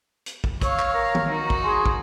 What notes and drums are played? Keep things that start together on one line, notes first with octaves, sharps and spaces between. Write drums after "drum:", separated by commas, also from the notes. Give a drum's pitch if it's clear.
drum: hi-hat
drum: kick
C#5 F5 C#6 E6, drum: kick, hi-hat
drum: clap
A#4
drum: tom D#3
D#4 F#4
drum: kick
G#4 G#5 C6
drum: kick